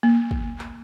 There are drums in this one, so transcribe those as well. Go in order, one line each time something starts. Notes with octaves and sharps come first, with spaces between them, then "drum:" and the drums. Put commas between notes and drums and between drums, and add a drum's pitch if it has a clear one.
A#3
drum: kick
drum: clap